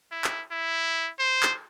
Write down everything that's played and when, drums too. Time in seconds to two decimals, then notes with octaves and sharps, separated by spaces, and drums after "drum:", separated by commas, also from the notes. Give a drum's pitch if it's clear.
0.11 E4
0.24 drum: clap
0.51 E4
1.19 C5
1.43 drum: clap